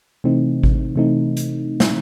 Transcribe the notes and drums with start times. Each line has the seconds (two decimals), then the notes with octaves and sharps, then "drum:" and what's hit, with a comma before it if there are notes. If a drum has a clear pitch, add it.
0.24 C3 E3 A3 C4 D#4
0.63 drum: kick G#1
0.96 C3 E3 A3 C4 D#4
1.37 drum: hi-hat
1.80 drum: snare